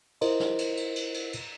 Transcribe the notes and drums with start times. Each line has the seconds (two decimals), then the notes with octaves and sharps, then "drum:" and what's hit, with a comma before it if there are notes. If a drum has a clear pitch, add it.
0.21 E4 F4 A#4 C5 D#5, drum: cymbal
0.40 drum: snare
0.58 drum: cymbal
0.77 drum: cymbal
0.96 drum: cymbal
1.14 drum: cymbal
1.33 drum: cymbal